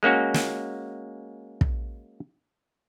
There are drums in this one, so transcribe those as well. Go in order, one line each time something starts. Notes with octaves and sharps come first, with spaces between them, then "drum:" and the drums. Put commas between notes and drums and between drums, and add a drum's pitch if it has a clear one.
G#3 A#3 C#4 F#4
drum: snare
drum: kick